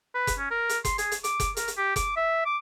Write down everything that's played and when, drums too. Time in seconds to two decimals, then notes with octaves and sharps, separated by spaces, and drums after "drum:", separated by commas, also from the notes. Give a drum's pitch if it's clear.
0.14 B4
0.27 drum: kick F#1, hi-hat
0.38 C#4
0.51 A#4
0.69 drum: hi-hat
0.85 C6, drum: kick F#1, hi-hat
0.98 G#4, drum: hi-hat
1.12 drum: hi-hat
1.24 D6, drum: hi-hat
1.40 drum: kick F#1, hi-hat
1.57 A#4, drum: hi-hat
1.68 drum: hi-hat
1.78 G4
1.96 D6, drum: kick F#1, hi-hat
2.16 E5
2.46 D6